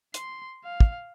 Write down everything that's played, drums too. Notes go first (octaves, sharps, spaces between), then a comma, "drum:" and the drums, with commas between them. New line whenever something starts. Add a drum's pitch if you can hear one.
C6, drum: hi-hat
F5
drum: kick